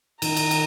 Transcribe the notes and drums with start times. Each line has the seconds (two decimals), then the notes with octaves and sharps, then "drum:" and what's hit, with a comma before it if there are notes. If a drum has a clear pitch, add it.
0.22 D#3 A#5, drum: cymbal
0.37 drum: cymbal
0.51 drum: cymbal